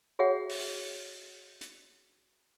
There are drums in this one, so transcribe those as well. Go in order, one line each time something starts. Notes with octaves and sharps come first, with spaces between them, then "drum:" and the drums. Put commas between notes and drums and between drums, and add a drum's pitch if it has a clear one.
F#4 G#4 C#5 E5 F#5
drum: open hi-hat
drum: hi-hat